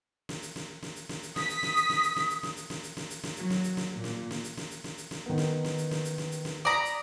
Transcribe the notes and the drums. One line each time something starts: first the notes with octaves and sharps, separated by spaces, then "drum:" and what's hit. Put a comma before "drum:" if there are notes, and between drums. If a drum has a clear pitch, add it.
drum: snare
drum: hi-hat
drum: snare
drum: snare
drum: hi-hat
drum: snare
drum: hi-hat
D#6 B6, drum: snare
drum: hi-hat
drum: snare
drum: hi-hat
drum: snare
drum: hi-hat
drum: snare
drum: hi-hat
drum: snare
drum: hi-hat
drum: snare
drum: hi-hat
drum: snare
drum: hi-hat
drum: snare
F#3, drum: hi-hat
drum: snare
drum: hi-hat
drum: snare
A#2
drum: snare
drum: snare
drum: hi-hat
drum: snare
drum: hi-hat
drum: snare
drum: hi-hat
drum: snare
D#3 B3
drum: snare
drum: snare
drum: hi-hat
drum: snare
drum: hi-hat
drum: snare
drum: hi-hat
drum: snare
D5 A#5 D#6 B6
drum: hi-hat